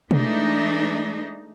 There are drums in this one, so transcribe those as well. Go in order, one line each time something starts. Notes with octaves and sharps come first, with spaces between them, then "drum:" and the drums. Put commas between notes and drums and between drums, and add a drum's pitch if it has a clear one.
E3 G#3 A3 D4 D#4, drum: tom B2